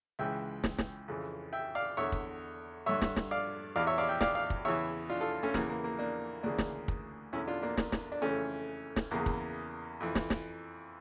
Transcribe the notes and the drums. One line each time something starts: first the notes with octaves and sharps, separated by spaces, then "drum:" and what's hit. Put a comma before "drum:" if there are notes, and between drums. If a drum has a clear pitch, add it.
C#2 C#3 E3 E5 G5
drum: snare
drum: snare
F2 C#3 E3
E5 G5
D5 F5
E2 D3 C#5 E5
drum: kick
G2 D3 C#5 E5
drum: snare
drum: snare
D5 F5
E2 E3 D5 F5
C#5 E5
D5 F5
E5 G5
D5 F5, drum: snare
D5 F5
drum: kick
E2 C#3 E3 C#5 E5
D4 F4
F4 A4
A3 C#4
E2 C#3 E3 A#3, drum: snare
A#3
A#3
A#3 D4
D2 C#3 E3 A#3 D4
drum: snare
drum: kick
E2 D3 C#4 E4
D4 F4
A#3 D4
drum: snare
drum: snare
D4
F2 C#3 E3 A3 C#4
drum: snare
E2 C#3 E3 A#3
drum: kick
F2 E3
drum: snare
drum: snare